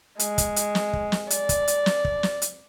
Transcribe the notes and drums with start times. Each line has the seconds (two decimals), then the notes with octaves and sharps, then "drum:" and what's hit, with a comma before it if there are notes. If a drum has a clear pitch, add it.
0.19 G#3, drum: hi-hat
0.38 drum: kick, hi-hat
0.56 drum: hi-hat
0.75 drum: snare
0.93 drum: kick
1.12 drum: snare
1.30 D5, drum: hi-hat
1.49 drum: kick, hi-hat
1.68 drum: hi-hat
1.86 drum: snare
2.05 drum: kick
2.23 drum: snare
2.42 drum: hi-hat